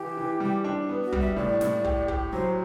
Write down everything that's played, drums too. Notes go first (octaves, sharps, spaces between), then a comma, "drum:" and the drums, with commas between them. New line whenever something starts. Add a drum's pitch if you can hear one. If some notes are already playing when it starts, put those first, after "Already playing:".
Already playing: E3 G4
E3
G3
D4
B3
F#4
G3, drum: kick
E5
A2 D5
A2, drum: snare
G4, drum: kick
G4, drum: kick
F#3 C5